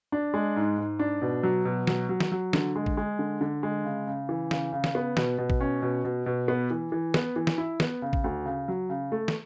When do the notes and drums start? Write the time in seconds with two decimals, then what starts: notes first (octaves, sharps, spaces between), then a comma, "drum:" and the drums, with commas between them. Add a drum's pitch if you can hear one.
0.12 D4
0.34 G#3
0.56 G#2
0.78 G#2
0.99 D4
1.22 B2
1.43 F#3
1.65 B2
1.87 F#3, drum: snare
2.09 F#3
2.20 drum: snare
2.32 F#3
2.53 D3, drum: snare
2.76 G#3
2.86 drum: kick
2.97 G#3
3.19 D3
3.41 D3
3.63 G#3
3.85 C#3
4.07 C#3
4.29 E3
4.51 C#3, drum: snare
4.73 C#3
4.84 drum: snare
4.95 B3
5.17 B2, drum: snare
5.38 B2
5.50 drum: kick
5.60 C#4
5.82 B2
6.04 B2
6.26 B2
6.48 B3
6.70 E3
6.92 E3
7.14 B3, drum: snare
7.36 E3
7.47 drum: snare
7.58 E4
7.80 B3, drum: snare
8.02 C#3
8.13 drum: kick
8.24 D2
8.45 C#3
8.68 F#3
8.89 C#3
9.12 A3
9.28 drum: snare